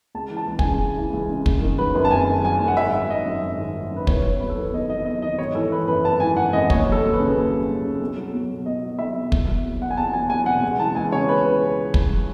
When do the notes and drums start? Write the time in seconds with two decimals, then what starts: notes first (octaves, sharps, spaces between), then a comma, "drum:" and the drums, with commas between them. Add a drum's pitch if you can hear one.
0.15 C#2 A5
0.30 E3
0.37 A5
0.47 C#2
0.59 G#5, drum: kick
0.64 C#3
0.81 C#2
0.97 E3
1.13 C#2
1.29 C#3
1.46 F#1, drum: kick
1.62 D#3
1.78 F#3 B4
1.95 F#2
2.05 A5
2.11 F#1 G#5
2.27 D#3
2.44 F#3 G#5
2.60 F#2
2.68 F#5
2.76 G#1 E5
2.93 D#3
3.09 F#3 D#5
3.25 F#2
3.42 G#1
3.58 D#3
3.74 F#3
3.91 F#2
3.96 B4
4.07 E2 C#5, drum: kick
4.25 F#3
4.40 E2 B4
4.49 A4
4.58 D#3 B4
4.73 E2 D#5
4.90 F#3 D#5
5.05 E2 D#5
5.22 D#3 D#5
5.38 G#1 C#5
5.55 E3 A4
5.71 G#1 B4
5.88 F#2 B4
6.05 G#1 A5
6.20 E3 G#5
6.37 G#1 F#5
6.53 F#2 D#5
6.70 D#2 C#5, drum: kick
6.86 F#3
6.92 A4
7.03 D#2
7.13 B4
7.19 C#3
7.35 D#2
7.51 F#3
7.68 D#2
7.85 C#3
8.01 B1
8.17 F#3
8.33 B1
8.49 B2
8.66 B1 D#5
8.83 F#3
8.99 B1 E5
9.15 B2
9.32 E2, drum: kick
9.48 F#3
9.65 E2
9.81 B2 F#5
9.91 G#5
9.97 E2 A5
10.13 F#3 G#5
10.30 E2 G#5
10.46 B2 F#5
10.63 C#2
10.79 E3 A5
10.95 C#2 G#5
11.12 C#3 C#5
11.29 B4
11.94 drum: kick